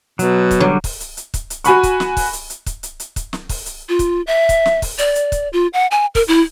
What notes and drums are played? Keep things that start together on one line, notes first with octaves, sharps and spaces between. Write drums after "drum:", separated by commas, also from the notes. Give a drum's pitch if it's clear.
B2 F#3, drum: hi-hat
drum: kick, hi-hat
D3 F#3 G3
drum: kick, open hi-hat
drum: hi-hat
drum: hi-hat
drum: kick, hi-hat
drum: hi-hat
F#4 G#5 B5 C#6, drum: hi-hat
drum: kick, hi-hat
drum: snare
drum: kick, open hi-hat
drum: hi-hat
drum: hi-hat
drum: kick, hi-hat
drum: hi-hat
drum: hi-hat
drum: kick, hi-hat
drum: snare
drum: kick, open hi-hat
drum: hi-hat
F4
drum: kick, hi-hat
E5
drum: kick, hi-hat
drum: snare
drum: kick, open hi-hat
D5, drum: hi-hat
drum: hi-hat
drum: kick, hi-hat
F4
F#5
G#5
A#4, drum: kick, open hi-hat
E4